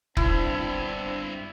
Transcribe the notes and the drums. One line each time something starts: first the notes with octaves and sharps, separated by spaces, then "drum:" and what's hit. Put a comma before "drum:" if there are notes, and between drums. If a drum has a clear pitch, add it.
G2 B3 C4 D4 E4, drum: kick